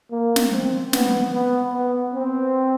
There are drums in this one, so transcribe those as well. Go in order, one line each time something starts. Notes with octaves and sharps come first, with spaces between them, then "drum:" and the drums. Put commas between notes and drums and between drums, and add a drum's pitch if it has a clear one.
A#3
drum: snare
C4
B3, drum: snare
B3
B3
C4